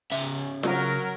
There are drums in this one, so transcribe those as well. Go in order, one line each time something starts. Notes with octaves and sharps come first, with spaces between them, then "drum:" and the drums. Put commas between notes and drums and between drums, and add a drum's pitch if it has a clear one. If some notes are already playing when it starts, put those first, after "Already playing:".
C#3 E5
F#3 A#4, drum: snare F4